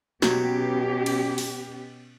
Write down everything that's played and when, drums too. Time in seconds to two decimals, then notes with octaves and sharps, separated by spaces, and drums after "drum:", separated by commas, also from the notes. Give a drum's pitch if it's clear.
0.22 B2 F#3 C#4 G4, drum: snare
1.06 drum: cymbal
1.38 drum: open hi-hat